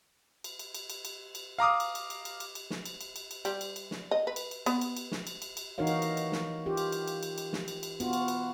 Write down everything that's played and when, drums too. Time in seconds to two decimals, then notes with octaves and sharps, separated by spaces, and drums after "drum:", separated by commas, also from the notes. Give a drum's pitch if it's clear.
0.44 drum: cymbal
0.59 drum: cymbal
0.74 drum: cymbal
0.90 drum: cymbal
1.05 drum: cymbal
1.35 drum: cymbal
1.59 F5 A#5 D6 D#6
1.80 drum: cymbal
1.95 drum: cymbal
2.10 drum: cymbal
2.25 drum: cymbal
2.40 drum: cymbal
2.55 drum: cymbal
2.70 drum: snare
2.86 drum: cymbal
3.01 drum: cymbal
3.16 drum: cymbal
3.31 drum: cymbal
3.45 G3, drum: cymbal
3.61 drum: cymbal
3.76 drum: cymbal
3.91 drum: snare
4.11 D#5
4.27 B4
4.36 drum: cymbal
4.51 drum: cymbal
4.66 B3, drum: cymbal
4.81 drum: cymbal
4.97 drum: cymbal
5.12 drum: snare
5.27 drum: cymbal
5.42 drum: cymbal
5.57 drum: cymbal
5.78 E3 D#4 F#4 A#4 C#5 F5
5.87 drum: cymbal
6.02 drum: cymbal
6.17 drum: cymbal
6.32 drum: snare
6.66 F4 G4
6.77 drum: cymbal
6.92 drum: cymbal
7.08 drum: cymbal
7.23 drum: cymbal
7.38 drum: cymbal
7.53 drum: snare
7.68 drum: cymbal
7.83 drum: cymbal
8.00 B3 F4 F#4, drum: cymbal
8.13 drum: cymbal
8.28 drum: cymbal